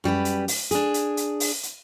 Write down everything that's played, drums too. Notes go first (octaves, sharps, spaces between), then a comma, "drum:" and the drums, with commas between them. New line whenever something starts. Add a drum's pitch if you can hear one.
F#2 G3 G4 B4
drum: hi-hat
drum: open hi-hat
D4 G#4, drum: hi-hat
drum: hi-hat
drum: hi-hat
drum: open hi-hat
drum: hi-hat